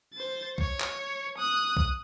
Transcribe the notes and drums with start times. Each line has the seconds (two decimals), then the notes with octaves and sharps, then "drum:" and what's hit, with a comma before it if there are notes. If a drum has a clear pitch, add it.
0.14 C5 A6
0.58 C#5, drum: kick
0.80 drum: clap
1.38 D#6 F#6
1.77 drum: kick